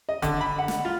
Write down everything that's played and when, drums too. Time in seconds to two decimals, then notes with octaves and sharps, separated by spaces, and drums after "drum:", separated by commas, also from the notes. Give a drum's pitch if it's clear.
0.09 D#5
0.22 D3, drum: kick, hi-hat
0.41 B5
0.59 F#5
0.68 drum: snare
0.85 F4